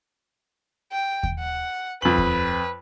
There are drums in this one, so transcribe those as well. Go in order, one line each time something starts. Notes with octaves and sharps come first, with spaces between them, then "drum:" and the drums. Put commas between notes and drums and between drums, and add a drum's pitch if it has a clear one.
G5
drum: kick D#2
F#5
F2 B4 F#7
drum: kick D#2